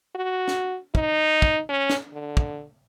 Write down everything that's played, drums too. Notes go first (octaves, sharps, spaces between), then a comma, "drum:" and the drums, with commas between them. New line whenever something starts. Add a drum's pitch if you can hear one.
F#4
drum: snare
D#4, drum: kick
drum: kick
C#4
drum: snare
D3
drum: kick